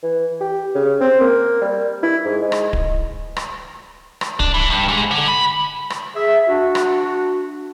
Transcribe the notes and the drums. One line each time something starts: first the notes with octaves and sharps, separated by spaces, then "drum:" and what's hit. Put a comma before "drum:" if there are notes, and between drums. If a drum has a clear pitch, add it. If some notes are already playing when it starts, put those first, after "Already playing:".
E3
G4
C#3
C4
A#3
G3
E4
G#2
G#3
drum: rim click
drum: kick D1
drum: rim click
drum: rim click
D4, drum: kick D1
E3
G2
G#2
D3
B5
drum: rim click
G#4 E5
D4 F#4
drum: rim click